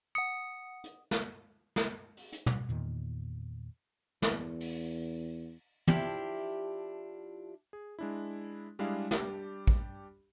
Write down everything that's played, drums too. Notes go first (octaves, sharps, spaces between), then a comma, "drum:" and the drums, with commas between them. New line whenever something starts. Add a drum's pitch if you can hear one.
F#5 D#6 C#7
drum: hi-hat
drum: snare
drum: snare
drum: open hi-hat
drum: hi-hat
drum: tom
E2 A#2 D#3
E2, drum: snare
drum: open hi-hat
F3 D4 E4 G4, drum: tom
G#4
G#3 D4 E4
G3 G#3 D4 E4 G#4 F5
G3 D4 G4, drum: snare
drum: kick